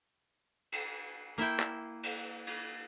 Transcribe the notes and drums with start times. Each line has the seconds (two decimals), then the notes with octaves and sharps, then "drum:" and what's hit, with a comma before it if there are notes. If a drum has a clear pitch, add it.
0.72 drum: cymbal
1.38 A#3 E4 E5 G5
1.60 drum: clap
2.03 drum: cymbal
2.47 drum: cymbal